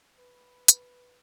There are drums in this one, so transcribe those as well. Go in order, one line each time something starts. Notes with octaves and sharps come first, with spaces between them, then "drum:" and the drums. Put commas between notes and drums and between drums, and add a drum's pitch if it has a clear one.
B4
drum: hi-hat